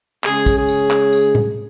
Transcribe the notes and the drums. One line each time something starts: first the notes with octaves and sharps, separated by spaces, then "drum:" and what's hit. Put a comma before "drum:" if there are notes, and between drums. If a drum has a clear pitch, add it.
C#3 G#3 C#4 G#4, drum: clap
drum: kick, tambourine
G#4
drum: tambourine
drum: clap
drum: tambourine
drum: tom A2